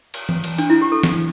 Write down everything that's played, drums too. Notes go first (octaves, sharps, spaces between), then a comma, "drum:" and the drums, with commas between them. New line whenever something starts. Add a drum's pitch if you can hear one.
drum: cymbal
drum: tom E3
drum: cymbal
D4, drum: cymbal
E4
G4
A4
drum: snare